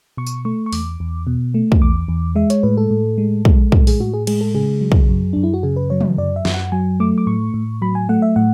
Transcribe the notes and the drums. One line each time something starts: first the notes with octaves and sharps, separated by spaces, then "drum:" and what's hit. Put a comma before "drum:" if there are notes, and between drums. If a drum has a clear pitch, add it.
B2 C#6
drum: tambourine
A3 C#6
C#6
E2 D6, drum: open hi-hat
E2
B2
A3
drum: kick
E2 D6
E2
G#3 E5
C#5, drum: hi-hat
A2 B4
A4
A2
G#3
G#3, drum: kick
A2, drum: kick
G#4, drum: open hi-hat
A2 F#4
G#4
G#3 G#4, drum: cymbal
A4
C#3 G#4
F#3
drum: kick
F#2
F#2 D4
E4
F#4
C#3 G#4
B4
F#3 C#5
drum: tom
F#2 D5
E5
F#2, drum: snare
F#5
F#3 G#5
A3 D6
D6
A2 C#6
A2
F#3 B5
G#5
A3 F#5
E5
A2 F#5